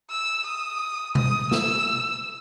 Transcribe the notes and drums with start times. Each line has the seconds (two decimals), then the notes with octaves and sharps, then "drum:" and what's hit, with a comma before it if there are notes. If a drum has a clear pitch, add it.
0.10 E6
0.46 D#6
1.15 D#6, drum: tom B2
1.51 E6, drum: snare